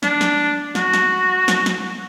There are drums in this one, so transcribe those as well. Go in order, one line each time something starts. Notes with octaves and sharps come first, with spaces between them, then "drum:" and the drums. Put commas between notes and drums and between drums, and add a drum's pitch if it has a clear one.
D4, drum: snare
drum: snare
F#4, drum: snare
drum: snare
drum: snare
drum: snare